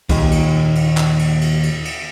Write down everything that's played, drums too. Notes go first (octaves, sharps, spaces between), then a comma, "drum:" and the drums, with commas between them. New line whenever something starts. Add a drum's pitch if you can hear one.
D#2 A#2, drum: kick B1, cymbal
drum: cymbal
drum: cymbal
drum: clap
drum: cymbal
drum: cymbal
drum: cymbal
drum: cymbal